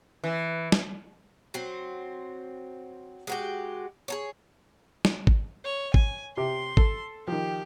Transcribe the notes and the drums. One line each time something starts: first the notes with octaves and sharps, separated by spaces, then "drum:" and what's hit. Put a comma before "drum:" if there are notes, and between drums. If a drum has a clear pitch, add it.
E3
drum: snare
F#3 C4
G#3 F#4 G4
G#4 A4 C#5
drum: snare
drum: kick G#1
C#5
G#5, drum: kick G#1
C3 G4 C6
A4, drum: kick G#1
D#3 F3 G4